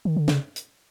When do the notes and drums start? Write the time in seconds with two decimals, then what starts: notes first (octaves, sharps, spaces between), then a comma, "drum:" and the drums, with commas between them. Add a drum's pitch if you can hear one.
0.05 D#3
0.17 D3
0.28 C#3, drum: snare
0.56 drum: hi-hat